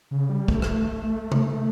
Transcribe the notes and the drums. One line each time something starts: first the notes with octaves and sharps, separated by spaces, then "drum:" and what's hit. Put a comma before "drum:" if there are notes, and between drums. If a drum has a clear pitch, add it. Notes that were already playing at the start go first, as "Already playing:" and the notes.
C#3
G3
A3, drum: kick
drum: rim click
A3
drum: tom C3